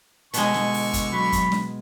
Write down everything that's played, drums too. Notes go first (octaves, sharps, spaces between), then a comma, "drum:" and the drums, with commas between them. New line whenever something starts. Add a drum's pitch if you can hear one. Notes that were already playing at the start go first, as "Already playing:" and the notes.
B2 D3 G#3 C#6, drum: hi-hat
drum: snare
drum: open hi-hat
drum: kick, hi-hat
F#3 B5
drum: kick, hi-hat
drum: snare